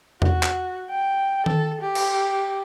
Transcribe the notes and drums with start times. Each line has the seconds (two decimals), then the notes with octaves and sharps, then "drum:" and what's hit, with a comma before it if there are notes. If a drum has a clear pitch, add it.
0.22 F#4, drum: tom E2
0.43 drum: clap
0.90 G5
1.46 A4, drum: tom D#3
1.81 G4
1.95 drum: cymbal